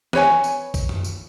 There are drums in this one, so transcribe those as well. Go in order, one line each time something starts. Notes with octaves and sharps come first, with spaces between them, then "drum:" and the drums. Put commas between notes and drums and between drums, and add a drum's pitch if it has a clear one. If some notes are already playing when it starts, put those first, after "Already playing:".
B4 C#5 G#5, drum: snare
drum: tambourine
drum: kick, tambourine
drum: tom F#2
drum: tambourine